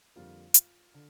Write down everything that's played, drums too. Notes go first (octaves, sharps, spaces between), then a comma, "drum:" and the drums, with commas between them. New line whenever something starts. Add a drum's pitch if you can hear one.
F2 D3 G3 A#3 F4
drum: hi-hat
D3